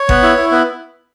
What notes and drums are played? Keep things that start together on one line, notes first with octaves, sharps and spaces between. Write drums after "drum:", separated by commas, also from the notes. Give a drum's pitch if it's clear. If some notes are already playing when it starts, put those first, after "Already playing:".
Already playing: C#5
B3, drum: kick G#1
E4
E4
B3